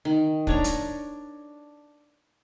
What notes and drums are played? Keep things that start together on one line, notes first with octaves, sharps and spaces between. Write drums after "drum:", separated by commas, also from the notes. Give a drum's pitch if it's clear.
D#3
D4 C#5 A#5, drum: kick
drum: hi-hat